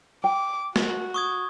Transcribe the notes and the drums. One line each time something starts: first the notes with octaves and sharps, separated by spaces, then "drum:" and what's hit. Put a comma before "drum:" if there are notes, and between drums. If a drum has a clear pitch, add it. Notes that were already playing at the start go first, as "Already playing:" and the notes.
G5 D6
F#4, drum: snare
C#6 D#6 G#6